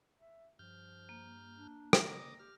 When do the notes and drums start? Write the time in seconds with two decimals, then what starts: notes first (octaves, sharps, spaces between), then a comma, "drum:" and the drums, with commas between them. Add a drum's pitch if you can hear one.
0.20 E5
0.59 G2 F3 F6 G6
1.09 A#3
1.57 D4
1.93 C#3 A#5 D6 D#6, drum: rim click
2.39 G4 F6